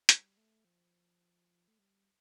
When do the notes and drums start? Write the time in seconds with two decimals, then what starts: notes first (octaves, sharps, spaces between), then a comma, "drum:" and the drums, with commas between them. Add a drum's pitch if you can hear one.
0.09 G3, drum: hi-hat
0.37 A3
0.65 F3
1.68 A3
1.79 G3